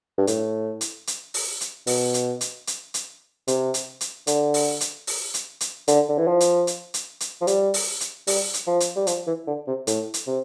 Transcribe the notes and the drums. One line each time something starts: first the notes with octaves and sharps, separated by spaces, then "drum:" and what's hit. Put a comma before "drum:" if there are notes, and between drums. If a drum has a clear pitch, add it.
G2
A2, drum: hi-hat
drum: hi-hat
drum: hi-hat
drum: open hi-hat
drum: hi-hat
B2, drum: open hi-hat
drum: hi-hat
drum: hi-hat
drum: hi-hat
drum: hi-hat
C3, drum: hi-hat
drum: hi-hat
drum: hi-hat
D3, drum: hi-hat
drum: open hi-hat
drum: hi-hat
drum: open hi-hat
drum: hi-hat
drum: hi-hat
D3, drum: hi-hat
D3
E3
F3
drum: hi-hat
drum: hi-hat
drum: hi-hat
drum: hi-hat
F3
G3, drum: hi-hat
drum: open hi-hat
drum: hi-hat
G3, drum: open hi-hat
drum: hi-hat
F3
drum: hi-hat
G3
F3, drum: hi-hat
E3
D3
C3
A2, drum: hi-hat
drum: hi-hat
C3